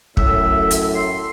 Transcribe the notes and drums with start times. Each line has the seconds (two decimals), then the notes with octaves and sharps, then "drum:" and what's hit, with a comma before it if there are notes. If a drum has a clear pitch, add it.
0.17 F#2 A2 E5, drum: kick
0.71 drum: hi-hat
0.95 C6